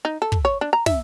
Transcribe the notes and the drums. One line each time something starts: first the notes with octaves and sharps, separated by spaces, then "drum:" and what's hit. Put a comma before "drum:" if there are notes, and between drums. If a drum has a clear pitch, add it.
D#4
A4
drum: kick
C#5
D4
A#5
E5, drum: snare